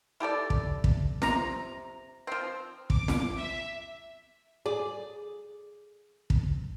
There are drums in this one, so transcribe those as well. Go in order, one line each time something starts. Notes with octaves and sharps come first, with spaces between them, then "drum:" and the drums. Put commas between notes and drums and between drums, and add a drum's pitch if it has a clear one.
E4 G4 A4 D5
drum: kick
drum: kick
C3 A#5, drum: snare
F3 C4
D6, drum: kick
drum: snare
E5
G#4 D5
drum: kick